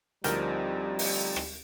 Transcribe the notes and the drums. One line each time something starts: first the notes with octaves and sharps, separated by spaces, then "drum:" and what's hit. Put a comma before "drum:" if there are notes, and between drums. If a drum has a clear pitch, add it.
D2 F3 G3 C4 D#4 A#4 G5, drum: hi-hat
drum: open hi-hat
drum: rim click